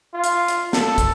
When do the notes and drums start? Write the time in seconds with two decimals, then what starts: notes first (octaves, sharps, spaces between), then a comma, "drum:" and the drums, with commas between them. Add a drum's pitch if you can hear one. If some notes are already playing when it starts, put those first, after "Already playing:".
0.14 F4
0.24 drum: hi-hat
0.48 drum: hi-hat
0.73 A4, drum: snare
0.98 drum: kick, hi-hat